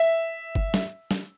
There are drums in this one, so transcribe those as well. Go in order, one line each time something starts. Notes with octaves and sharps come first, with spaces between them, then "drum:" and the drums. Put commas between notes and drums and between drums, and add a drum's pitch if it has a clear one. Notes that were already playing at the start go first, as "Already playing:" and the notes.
Already playing: E5
drum: kick G1
drum: snare
drum: snare